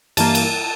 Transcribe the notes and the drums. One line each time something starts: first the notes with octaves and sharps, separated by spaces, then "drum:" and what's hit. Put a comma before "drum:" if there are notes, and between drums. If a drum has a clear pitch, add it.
G2 E3 A#3 A5, drum: cymbal
drum: cymbal